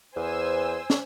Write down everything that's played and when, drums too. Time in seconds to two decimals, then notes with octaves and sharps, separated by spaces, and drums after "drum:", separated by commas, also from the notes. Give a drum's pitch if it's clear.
0.16 E2 C5 G#5 E6
0.90 drum: snare